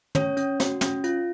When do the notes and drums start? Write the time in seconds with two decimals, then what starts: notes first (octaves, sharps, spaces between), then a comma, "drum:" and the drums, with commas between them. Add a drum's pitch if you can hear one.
0.15 C#4 C#5, drum: tom
0.37 C#4, drum: hi-hat
0.60 F#4, drum: snare
0.81 C#4, drum: snare
1.04 F4, drum: hi-hat